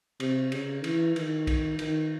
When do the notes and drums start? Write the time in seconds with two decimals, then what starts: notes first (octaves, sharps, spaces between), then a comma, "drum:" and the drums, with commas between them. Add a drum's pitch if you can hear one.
0.20 C3, drum: cymbal
0.52 C#3, drum: cymbal
0.84 E3, drum: cymbal
1.16 D#3, drum: cymbal
1.47 drum: kick B1, cymbal
1.79 D#3, drum: cymbal